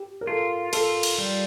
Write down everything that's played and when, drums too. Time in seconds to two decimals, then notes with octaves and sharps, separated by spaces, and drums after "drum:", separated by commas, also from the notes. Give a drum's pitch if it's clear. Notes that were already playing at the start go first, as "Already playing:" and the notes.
Already playing: G4
0.21 A#4
0.27 F4 A4
0.73 F4 A4, drum: cymbal
1.03 drum: cymbal
1.18 G3